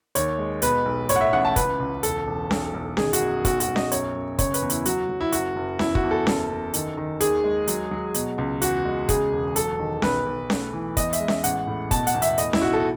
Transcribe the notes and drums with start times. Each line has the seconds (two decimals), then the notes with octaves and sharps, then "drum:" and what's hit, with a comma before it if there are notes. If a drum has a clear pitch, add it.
0.15 D#2 C#5, drum: hi-hat
0.39 G#3
0.62 B2 B4, drum: hi-hat
0.86 B1
1.09 A2 C#5, drum: hi-hat
1.16 F#5
1.21 E5
1.33 A1 F#5
1.45 A5
1.56 C#2 B4, drum: kick, hi-hat
1.80 C#2
2.03 E1 A4, drum: hi-hat
2.27 E1
2.51 B1, drum: snare C#4
2.74 B1
2.97 D#3 G#4, drum: snare C#4
3.13 F#4, drum: hi-hat
3.21 F#2
3.45 B1 F#4, drum: kick, hi-hat
3.60 F#4, drum: hi-hat
3.68 B1
3.76 D#5, drum: snare C#4
3.92 F#2 C#5, drum: hi-hat
4.16 F#2
4.39 C#3 C#5, drum: kick, hi-hat
4.54 B4, drum: hi-hat
4.62 E2
4.70 E4, drum: hi-hat
4.85 F#3 F#4, drum: hi-hat
5.09 F#3
5.21 E4
5.32 F#1 F#4, drum: hi-hat
5.56 F#1
5.79 E2 E4, drum: snare C#4
5.95 F#4, drum: kick
6.03 E2
6.11 A4
6.27 F#1, drum: snare C#4
6.50 F#1
6.74 D#3, drum: hi-hat
6.97 D#3
7.21 D#2 G#4, drum: hi-hat
7.44 G#3
7.67 F#3, drum: hi-hat
7.91 F#3
8.14 B2, drum: hi-hat
8.38 C#2
8.62 E2 F#4, drum: hi-hat
8.85 G#3
9.09 C#3 G#4, drum: kick, hi-hat
9.32 E1
9.56 F#3 A4, drum: hi-hat
9.79 D#3
10.02 B1 B4, drum: snare C#4
10.26 B1
10.50 A3, drum: snare C#4
10.73 E3
10.97 E2 D#5, drum: kick, hi-hat
11.13 E5, drum: hi-hat
11.20 G#3
11.28 E5, drum: snare C#4
11.44 A1 F#5, drum: hi-hat
11.67 A2
11.91 B2 A5, drum: kick, hi-hat
12.07 F#5, drum: hi-hat
12.14 E2
12.22 E5, drum: hi-hat
12.38 A2 D#5, drum: hi-hat
12.53 E4, drum: snare C#4
12.62 B1 F#4
12.73 A4